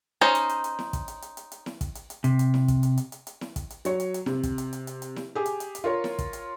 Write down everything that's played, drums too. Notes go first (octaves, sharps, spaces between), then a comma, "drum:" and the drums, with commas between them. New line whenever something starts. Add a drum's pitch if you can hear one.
C#4 D#4 C5
drum: hi-hat
drum: hi-hat
drum: hi-hat
drum: snare E4
drum: kick, hi-hat
drum: hi-hat
drum: hi-hat
drum: hi-hat
drum: hi-hat
drum: snare E4
drum: kick, hi-hat
drum: hi-hat
drum: hi-hat
C3, drum: hi-hat
drum: hi-hat
drum: snare E4
drum: kick, hi-hat
drum: hi-hat
drum: hi-hat
drum: hi-hat
drum: hi-hat
drum: snare E4
drum: kick, hi-hat
drum: hi-hat
F#3 C#5, drum: hi-hat
drum: hi-hat
drum: hi-hat
C3, drum: snare E4
drum: kick, hi-hat
drum: hi-hat
drum: hi-hat
drum: hi-hat
drum: hi-hat
drum: snare E4
G4 G#4
drum: hi-hat
drum: hi-hat
drum: hi-hat
F4 A#4 C#5
drum: snare E4
drum: kick, hi-hat
drum: hi-hat